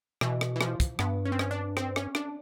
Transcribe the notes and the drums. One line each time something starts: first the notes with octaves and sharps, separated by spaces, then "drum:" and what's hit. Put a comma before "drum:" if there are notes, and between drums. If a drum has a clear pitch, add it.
B2 E3, drum: rim click
drum: rim click
E3
F3, drum: rim click
drum: kick, hi-hat
G2 B3, drum: rim click
C#4
C4
C#4, drum: rim click
D4
C4, drum: rim click
C#4, drum: rim click
D4, drum: rim click